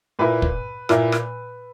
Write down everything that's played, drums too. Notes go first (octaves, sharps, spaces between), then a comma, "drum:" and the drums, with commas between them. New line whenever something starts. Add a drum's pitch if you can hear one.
A#2 A#3 E4 B4
drum: kick
A#2 A#3 E4, drum: rim click
drum: rim click